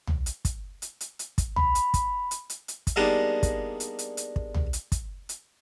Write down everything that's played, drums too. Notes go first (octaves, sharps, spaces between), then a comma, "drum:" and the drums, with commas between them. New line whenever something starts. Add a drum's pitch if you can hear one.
drum: tom
drum: hi-hat
drum: kick, hi-hat
drum: hi-hat
drum: hi-hat
drum: hi-hat
drum: kick, hi-hat
B5, drum: tom
drum: hi-hat
drum: kick, hi-hat
drum: hi-hat
drum: hi-hat
drum: hi-hat
drum: kick, hi-hat
G3 G#3 A#3 B3 D4 D#4
drum: kick, hi-hat
drum: hi-hat
drum: hi-hat
drum: hi-hat
drum: kick
drum: tom
drum: hi-hat
drum: kick, hi-hat
drum: hi-hat